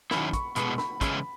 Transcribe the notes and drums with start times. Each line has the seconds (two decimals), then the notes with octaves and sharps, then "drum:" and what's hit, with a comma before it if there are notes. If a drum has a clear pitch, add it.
0.11 D#3 F#3 C#4 E4 B5, drum: snare
0.33 C#6, drum: kick, hi-hat
0.56 B2 G#3 B3 B5, drum: hi-hat
0.78 B5, drum: snare
1.01 C#3 E3 G#3 C#4 E4 B5, drum: kick, hi-hat